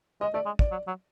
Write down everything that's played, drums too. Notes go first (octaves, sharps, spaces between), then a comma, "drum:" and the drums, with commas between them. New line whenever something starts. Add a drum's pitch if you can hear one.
G#3 D#5
A3 D5
G#3
D5, drum: kick
F#3
F#3